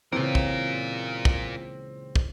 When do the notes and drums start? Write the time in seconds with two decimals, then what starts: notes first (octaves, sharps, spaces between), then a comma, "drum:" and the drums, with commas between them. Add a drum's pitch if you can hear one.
0.12 C#2 A#2 C#3 E3 C4 F4 G4 A#4
0.35 drum: kick
1.25 drum: kick
2.16 drum: kick